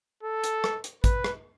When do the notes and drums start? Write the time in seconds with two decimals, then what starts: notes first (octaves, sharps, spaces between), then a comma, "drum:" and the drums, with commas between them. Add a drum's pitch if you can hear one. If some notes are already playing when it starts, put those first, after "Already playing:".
0.23 A4
0.44 drum: hi-hat
0.64 drum: rim click
0.84 drum: hi-hat
1.04 B4, drum: kick, hi-hat
1.24 drum: rim click